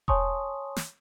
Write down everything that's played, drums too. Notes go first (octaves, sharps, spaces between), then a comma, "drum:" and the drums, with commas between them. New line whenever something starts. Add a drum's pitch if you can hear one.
C#5 G#5 A5 C6 C#6 D#6, drum: kick E1
drum: snare